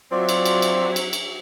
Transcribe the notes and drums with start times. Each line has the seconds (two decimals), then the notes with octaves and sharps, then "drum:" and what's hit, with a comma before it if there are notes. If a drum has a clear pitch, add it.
0.12 F#3 C4 F4 D5 E5
0.29 drum: cymbal
0.45 drum: cymbal
0.62 drum: cymbal
0.96 drum: cymbal
1.13 drum: cymbal